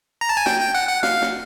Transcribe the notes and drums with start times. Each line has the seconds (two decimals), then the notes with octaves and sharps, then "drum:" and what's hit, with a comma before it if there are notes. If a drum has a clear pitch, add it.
0.21 A#5
0.29 A5
0.37 G#5
0.46 G5, drum: snare
0.61 G5
0.75 F#5
0.89 F#5
1.03 F5, drum: snare
1.22 drum: snare